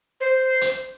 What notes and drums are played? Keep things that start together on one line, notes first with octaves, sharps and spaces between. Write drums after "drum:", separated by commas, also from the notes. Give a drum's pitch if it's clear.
C5
drum: hi-hat